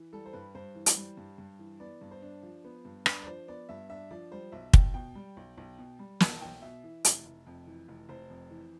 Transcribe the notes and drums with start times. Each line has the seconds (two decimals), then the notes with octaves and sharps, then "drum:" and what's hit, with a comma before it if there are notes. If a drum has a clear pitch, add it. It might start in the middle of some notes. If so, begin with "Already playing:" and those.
Already playing: E3
0.13 G3 A4
0.26 C5
0.33 G2 B4
0.55 G2 C5
0.75 E3
0.86 drum: hi-hat
0.97 G3
1.17 G2
1.38 G2
1.59 E3
1.80 B3 D5
2.01 G2
2.11 C5
2.22 D4
2.43 F3
2.64 B3
2.85 G2
3.06 D4 B4, drum: rim click
3.23 D5
3.27 F3 C5
3.48 B3 D5
3.69 G2 E5
3.90 D4 E5
4.11 F3 D5
4.32 G3 C5
4.52 B1 E5
4.73 B1 G5, drum: kick
4.94 B2 G5
5.15 G3
5.37 B1
5.57 B1
5.79 B2
5.99 G3
6.20 B1 A5, drum: snare
6.41 B1 G5
6.62 B2 E5
6.84 E3
7.05 F1, drum: hi-hat
7.25 F1
7.47 F2
7.67 E3
7.88 F1
8.09 F1 C5
8.30 F2
8.51 E3